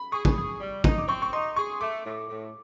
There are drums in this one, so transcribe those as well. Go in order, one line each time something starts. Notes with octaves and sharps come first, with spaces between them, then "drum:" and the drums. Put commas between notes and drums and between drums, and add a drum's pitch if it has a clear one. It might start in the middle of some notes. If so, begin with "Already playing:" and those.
Already playing: B5
G#4 C#6
drum: kick
G#4
G3
D#4, drum: kick
D6
C4 C#6
C#6
D#4 C6
G#4 C#6
A3 D6
A2
A2